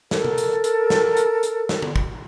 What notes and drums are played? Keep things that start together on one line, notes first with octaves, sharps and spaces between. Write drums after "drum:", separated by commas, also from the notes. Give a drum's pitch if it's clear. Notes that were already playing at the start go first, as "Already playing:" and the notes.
A4 A#4, drum: snare
drum: tom C#3
drum: hi-hat
drum: hi-hat
drum: snare
drum: hi-hat
drum: hi-hat
drum: snare
drum: tom D3
drum: kick